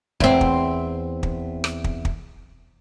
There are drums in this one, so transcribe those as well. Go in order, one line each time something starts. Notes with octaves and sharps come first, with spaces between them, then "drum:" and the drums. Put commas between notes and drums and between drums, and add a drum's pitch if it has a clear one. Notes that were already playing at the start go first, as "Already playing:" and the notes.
E2 C4, drum: kick
drum: kick
drum: kick
drum: rim click
drum: kick
drum: kick